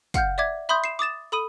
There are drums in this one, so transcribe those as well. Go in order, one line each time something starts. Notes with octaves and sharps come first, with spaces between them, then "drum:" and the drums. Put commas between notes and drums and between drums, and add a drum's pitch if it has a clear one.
F5 F#5 F6 G6, drum: kick, hi-hat
D5 E5 D6 G#6
E5 B5 C6 D#6 G6
C7 E7
D6 D#6 A6 E7
A4 B5 D#6 D#7